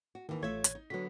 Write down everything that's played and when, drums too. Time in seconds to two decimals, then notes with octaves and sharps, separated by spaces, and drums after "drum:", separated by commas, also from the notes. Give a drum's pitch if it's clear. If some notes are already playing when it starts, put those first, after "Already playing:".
0.15 F#4
0.29 D#2 D#3 E3
0.42 A1 A3 F4 C#5 E5 G#6
0.64 drum: hi-hat
0.75 D#4
0.90 D3 F#3 B3 F#4 B6